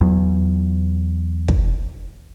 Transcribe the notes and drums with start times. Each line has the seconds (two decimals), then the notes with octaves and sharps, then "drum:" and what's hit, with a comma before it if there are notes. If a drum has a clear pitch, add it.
0.01 E2 F#3
1.48 drum: kick